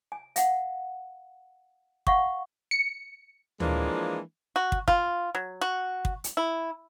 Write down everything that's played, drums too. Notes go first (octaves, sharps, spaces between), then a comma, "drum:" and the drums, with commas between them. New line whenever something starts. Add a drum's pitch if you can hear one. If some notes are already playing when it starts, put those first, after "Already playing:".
G#5
F5 F#5, drum: hi-hat
F5 F#5 C#6, drum: kick
C#7
E3 F3 G#3 A#3 D4, drum: tom D2
F#4
drum: kick
F4, drum: kick
F#3
F#4
drum: kick
drum: hi-hat
E4